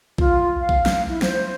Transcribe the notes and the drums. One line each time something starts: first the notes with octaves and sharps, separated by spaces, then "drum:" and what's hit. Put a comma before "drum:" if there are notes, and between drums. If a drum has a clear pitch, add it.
F4, drum: kick B1
F5
drum: kick B1
drum: snare
E4
C5, drum: snare